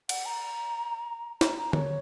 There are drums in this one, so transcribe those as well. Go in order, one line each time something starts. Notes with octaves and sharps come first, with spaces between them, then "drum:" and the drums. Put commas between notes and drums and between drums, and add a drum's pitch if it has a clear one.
F#5, drum: cymbal
A#5
A#5, drum: snare
A#5
C#5, drum: tom D3